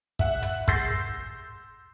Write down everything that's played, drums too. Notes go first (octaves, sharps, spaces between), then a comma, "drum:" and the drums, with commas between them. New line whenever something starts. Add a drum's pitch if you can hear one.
E5 F#5, drum: kick
drum: hi-hat
C6 E6 G6 A6 A#6 C7, drum: kick